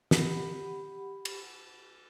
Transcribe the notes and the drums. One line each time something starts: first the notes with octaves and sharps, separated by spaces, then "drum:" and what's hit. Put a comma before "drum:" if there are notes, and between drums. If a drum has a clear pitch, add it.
G4 F#5 B5, drum: snare
drum: cymbal